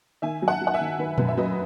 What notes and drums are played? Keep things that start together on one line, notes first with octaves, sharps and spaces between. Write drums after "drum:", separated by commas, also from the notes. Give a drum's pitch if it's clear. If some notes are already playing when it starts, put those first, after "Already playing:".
D#3 E5 G#5
F#3
F#5 A5
F#3
F#5
E5 G#5
D#3
D#3 B4
F#2 B4, drum: tom A#2
E5
F#3 B4 D#5